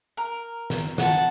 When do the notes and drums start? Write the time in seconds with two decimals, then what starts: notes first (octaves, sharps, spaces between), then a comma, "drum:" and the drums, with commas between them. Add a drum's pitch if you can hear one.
0.17 A#4
0.70 drum: snare
0.98 F#5 A5, drum: snare